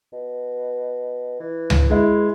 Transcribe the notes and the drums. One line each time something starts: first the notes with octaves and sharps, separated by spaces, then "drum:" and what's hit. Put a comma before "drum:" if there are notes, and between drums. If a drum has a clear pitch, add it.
B2
E3
drum: tom C#2
G#3 E4